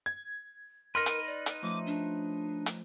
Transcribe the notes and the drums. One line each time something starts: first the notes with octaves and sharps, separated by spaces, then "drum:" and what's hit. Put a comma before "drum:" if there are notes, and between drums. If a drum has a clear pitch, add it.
G#6
D#4 A#4 B4 C6 F6 A#6
drum: hi-hat
D5
drum: hi-hat
F3 A3 C#4 D6
D4
drum: hi-hat